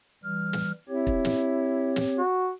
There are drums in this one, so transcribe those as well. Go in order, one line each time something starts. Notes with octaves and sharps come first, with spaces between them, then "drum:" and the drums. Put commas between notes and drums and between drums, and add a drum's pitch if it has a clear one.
E3 G3 F6
drum: snare
C4 E4 G4 C#5
drum: kick
drum: snare
drum: snare
F#4